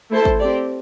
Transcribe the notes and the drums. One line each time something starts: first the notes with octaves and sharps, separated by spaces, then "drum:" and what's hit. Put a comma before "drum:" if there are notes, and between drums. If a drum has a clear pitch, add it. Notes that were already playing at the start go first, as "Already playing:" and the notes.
A3 E4 A4 C5
drum: kick G#1
C4 G4 D5